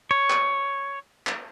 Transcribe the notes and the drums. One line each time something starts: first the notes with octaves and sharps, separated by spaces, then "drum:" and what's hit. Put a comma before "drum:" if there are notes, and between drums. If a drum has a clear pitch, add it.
C#5
drum: clap
drum: clap